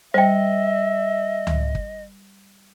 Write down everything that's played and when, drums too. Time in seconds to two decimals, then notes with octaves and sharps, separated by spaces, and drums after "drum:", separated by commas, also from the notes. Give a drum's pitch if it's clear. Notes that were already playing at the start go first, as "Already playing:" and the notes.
0.14 G3 C5 D#5 E5 G5
1.47 drum: tom C#2
1.75 drum: kick